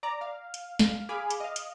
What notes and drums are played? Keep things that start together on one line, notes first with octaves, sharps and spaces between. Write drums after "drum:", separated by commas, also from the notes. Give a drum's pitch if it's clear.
D5 A#5 D6
F5
drum: hi-hat
drum: snare
G#4 F5 G#5 B5 D6
drum: hi-hat
D#5 F5
drum: hi-hat